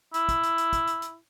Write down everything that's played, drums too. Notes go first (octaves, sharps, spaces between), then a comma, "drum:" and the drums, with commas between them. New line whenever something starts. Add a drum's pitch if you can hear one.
E4, drum: hi-hat
drum: kick, hi-hat
drum: hi-hat
drum: hi-hat
drum: kick, hi-hat
drum: hi-hat
drum: hi-hat